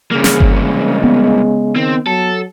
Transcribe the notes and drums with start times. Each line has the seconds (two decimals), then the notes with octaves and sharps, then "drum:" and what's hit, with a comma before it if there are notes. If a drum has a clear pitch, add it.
0.12 C2 C#3 A#3 G#4
0.24 drum: snare
0.40 drum: kick G1
0.57 G#3
1.04 B3
1.76 D#3 C4
2.07 F#3 A4